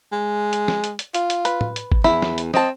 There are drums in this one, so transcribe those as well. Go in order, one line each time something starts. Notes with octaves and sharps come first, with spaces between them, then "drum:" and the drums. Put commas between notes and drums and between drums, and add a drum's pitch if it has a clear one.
G#3
drum: hi-hat
drum: snare
drum: hi-hat
drum: hi-hat
F4, drum: hi-hat
drum: hi-hat
B4, drum: hi-hat
drum: tom
drum: hi-hat
drum: kick G#1
E2 E4, drum: snare
drum: snare
drum: hi-hat
C4 D#5 A5, drum: snare